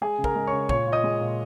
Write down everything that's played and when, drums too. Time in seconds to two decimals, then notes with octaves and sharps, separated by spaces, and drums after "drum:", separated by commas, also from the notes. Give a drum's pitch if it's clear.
0.01 G#3 G#4 G#5
0.18 C#3
0.24 A#4 A#5, drum: kick
0.36 G#3
0.47 C#3 C#5 C#6
0.69 A#2 C#5 C#6, drum: kick
0.87 F4
0.92 D#5 D#6
1.04 G#3
1.21 A#2